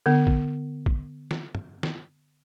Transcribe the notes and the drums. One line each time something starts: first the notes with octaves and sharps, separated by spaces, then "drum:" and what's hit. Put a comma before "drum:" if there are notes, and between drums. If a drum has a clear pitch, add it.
D3 B3
drum: kick
drum: kick
drum: snare
drum: tom
drum: snare